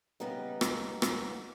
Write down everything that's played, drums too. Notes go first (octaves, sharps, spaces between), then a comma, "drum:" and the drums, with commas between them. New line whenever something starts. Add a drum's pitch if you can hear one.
C#3 G3 B3 D#4
drum: rim click
drum: rim click